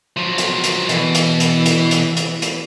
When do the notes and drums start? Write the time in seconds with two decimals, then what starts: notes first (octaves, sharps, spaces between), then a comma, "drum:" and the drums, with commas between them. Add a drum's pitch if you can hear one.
0.17 F3 F#3
0.38 drum: hi-hat
0.64 drum: hi-hat
0.89 B2 E3, drum: hi-hat
1.15 drum: hi-hat
1.40 drum: hi-hat
1.66 drum: hi-hat
1.91 drum: hi-hat
2.17 drum: hi-hat
2.42 drum: hi-hat